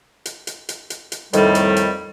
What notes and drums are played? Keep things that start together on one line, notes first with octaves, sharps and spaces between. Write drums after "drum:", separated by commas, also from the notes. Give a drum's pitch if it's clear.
drum: hi-hat
drum: hi-hat
drum: hi-hat
drum: hi-hat
drum: hi-hat
F2 A2 D#3 G3, drum: hi-hat
drum: hi-hat
drum: hi-hat